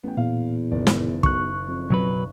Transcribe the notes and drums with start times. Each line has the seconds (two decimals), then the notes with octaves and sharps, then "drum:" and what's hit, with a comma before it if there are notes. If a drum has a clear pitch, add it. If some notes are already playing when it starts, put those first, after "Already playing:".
0.04 A1 B3 G5
0.17 E2 A#2 F5
0.71 F#1 D#3 D5
0.87 drum: snare
1.23 B1 C#6 F#6, drum: kick
1.68 F2
1.90 B1 F#3 B4